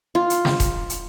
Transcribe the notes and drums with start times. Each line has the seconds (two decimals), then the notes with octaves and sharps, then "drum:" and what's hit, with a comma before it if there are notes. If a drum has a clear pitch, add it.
0.15 F4
0.30 drum: hi-hat
0.45 drum: snare
0.60 drum: kick E1, hi-hat
0.90 drum: hi-hat